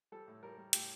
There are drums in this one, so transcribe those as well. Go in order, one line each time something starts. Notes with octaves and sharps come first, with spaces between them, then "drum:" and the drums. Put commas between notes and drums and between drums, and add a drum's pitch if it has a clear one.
G3 A4
A2
G3 A#4
G3
A2 G4, drum: hi-hat